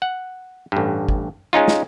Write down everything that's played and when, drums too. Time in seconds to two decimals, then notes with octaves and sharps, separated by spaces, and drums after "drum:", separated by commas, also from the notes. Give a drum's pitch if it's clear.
0.02 F#5
0.72 A1 G2
1.09 drum: kick
1.53 G#3 C#4 D#4 F4
1.68 drum: snare